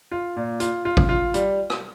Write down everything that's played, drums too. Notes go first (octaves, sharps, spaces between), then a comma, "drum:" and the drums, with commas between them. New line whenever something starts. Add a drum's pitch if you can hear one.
F4
A#2
F4, drum: hi-hat
F4
drum: kick G#1
F4
G3, drum: hi-hat
drum: rim click